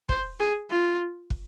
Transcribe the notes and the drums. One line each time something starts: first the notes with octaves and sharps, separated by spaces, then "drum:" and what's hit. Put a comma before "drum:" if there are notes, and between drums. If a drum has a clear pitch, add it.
C5, drum: kick
G#4
F4
drum: kick